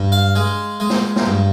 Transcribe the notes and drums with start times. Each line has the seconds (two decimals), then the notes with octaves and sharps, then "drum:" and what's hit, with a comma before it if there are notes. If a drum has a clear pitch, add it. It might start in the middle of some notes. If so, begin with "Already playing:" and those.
Already playing: G2
0.12 F5
0.35 G#3
0.80 G#3
0.90 drum: snare
1.16 drum: snare
1.26 G2